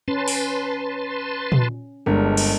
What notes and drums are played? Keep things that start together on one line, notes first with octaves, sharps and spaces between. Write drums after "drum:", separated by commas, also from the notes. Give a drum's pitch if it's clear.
C#4 B4 A5 C6
drum: open hi-hat
drum: tom A#2
G1 G#3 D4 A#4
drum: cymbal